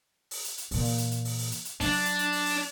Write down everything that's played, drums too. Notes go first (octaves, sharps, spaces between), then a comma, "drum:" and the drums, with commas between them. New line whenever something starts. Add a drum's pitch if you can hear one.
drum: open hi-hat
drum: hi-hat
drum: hi-hat
A#2 E3, drum: open hi-hat
drum: open hi-hat
drum: hi-hat
drum: hi-hat
drum: open hi-hat
drum: open hi-hat
drum: hi-hat
drum: hi-hat
F#3 D4 F4, drum: open hi-hat
drum: open hi-hat
drum: hi-hat
drum: hi-hat
drum: open hi-hat
drum: open hi-hat